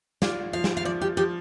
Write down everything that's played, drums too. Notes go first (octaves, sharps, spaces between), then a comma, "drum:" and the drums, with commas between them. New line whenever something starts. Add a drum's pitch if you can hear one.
F4 D5, drum: snare
F3 F5
drum: snare
F5
F3 D5
G4
F3 G4